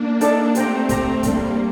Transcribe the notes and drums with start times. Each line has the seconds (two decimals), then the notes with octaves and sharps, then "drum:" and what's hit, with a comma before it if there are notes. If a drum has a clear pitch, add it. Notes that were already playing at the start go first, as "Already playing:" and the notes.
Already playing: A#3 D4
0.21 D#4 A4 D5 A5, drum: hi-hat
0.55 A3 C4 G4 C5 G5 A#5, drum: hi-hat
0.89 G4 C5 G5 A#5, drum: kick, hi-hat
1.23 G3 A#3 D4 A4 C5, drum: kick, hi-hat